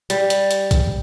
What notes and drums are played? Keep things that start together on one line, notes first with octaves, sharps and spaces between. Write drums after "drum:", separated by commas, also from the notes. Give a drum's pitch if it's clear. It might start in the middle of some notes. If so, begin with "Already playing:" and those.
G3, drum: hi-hat
drum: hi-hat
drum: hi-hat
drum: kick, hi-hat